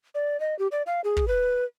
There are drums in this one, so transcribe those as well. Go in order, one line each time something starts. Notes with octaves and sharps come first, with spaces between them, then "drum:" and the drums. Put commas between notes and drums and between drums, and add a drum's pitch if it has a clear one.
D5
D#5
G4
D5
F5
G#4
drum: kick
B4